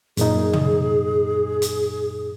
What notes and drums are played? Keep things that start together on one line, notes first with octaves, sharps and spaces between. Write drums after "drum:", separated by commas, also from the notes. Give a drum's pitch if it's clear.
F#2 A#2 D#4 G#4, drum: hi-hat
drum: tom
drum: hi-hat